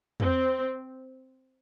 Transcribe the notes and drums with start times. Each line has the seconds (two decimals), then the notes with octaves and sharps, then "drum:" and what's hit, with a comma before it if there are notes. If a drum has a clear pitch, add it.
0.20 C4, drum: tom E2